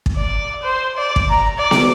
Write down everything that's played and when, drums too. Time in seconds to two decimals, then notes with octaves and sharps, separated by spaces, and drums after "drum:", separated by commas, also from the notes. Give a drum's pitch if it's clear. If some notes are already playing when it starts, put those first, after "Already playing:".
0.06 drum: kick
0.17 D5
0.63 C5
0.97 D5
1.16 drum: kick
1.30 A#5
1.58 D5
1.71 drum: snare B3